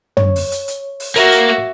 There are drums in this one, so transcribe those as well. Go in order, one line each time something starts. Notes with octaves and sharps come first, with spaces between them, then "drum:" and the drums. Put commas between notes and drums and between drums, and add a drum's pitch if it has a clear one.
C#5, drum: tom
drum: open hi-hat
drum: hi-hat
drum: hi-hat
drum: open hi-hat
A#3 F#4 E5, drum: hi-hat
drum: hi-hat